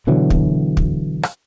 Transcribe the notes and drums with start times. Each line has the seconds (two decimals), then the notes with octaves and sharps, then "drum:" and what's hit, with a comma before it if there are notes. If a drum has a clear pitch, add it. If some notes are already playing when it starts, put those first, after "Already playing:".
0.07 B2 D3 E3 F#3
0.30 drum: kick
0.77 drum: kick
1.23 drum: rim click